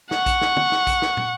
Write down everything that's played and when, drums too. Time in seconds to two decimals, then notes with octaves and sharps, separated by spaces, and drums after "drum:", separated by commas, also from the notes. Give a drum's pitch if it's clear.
0.11 F#5 C#6, drum: snare
0.26 drum: kick A#1, hi-hat
0.41 drum: snare
0.57 drum: tom
0.72 drum: snare
0.87 drum: kick A#1, hi-hat
1.02 drum: snare
1.17 drum: tom